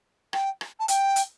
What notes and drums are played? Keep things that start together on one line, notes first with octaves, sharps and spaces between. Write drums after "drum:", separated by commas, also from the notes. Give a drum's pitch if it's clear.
G5, drum: rim click
drum: rim click
A5
G5, drum: hi-hat
drum: hi-hat